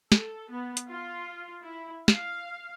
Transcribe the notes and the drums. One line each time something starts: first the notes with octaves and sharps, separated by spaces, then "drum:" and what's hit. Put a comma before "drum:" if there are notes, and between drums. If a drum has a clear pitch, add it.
A4, drum: snare
B3
drum: hi-hat
F4
E4
F5, drum: snare